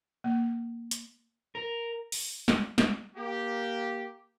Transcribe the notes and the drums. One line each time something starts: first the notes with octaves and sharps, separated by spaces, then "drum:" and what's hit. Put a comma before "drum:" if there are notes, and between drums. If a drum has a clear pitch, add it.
A#3
drum: hi-hat
A#4
drum: open hi-hat
drum: snare
drum: snare
A#3 G4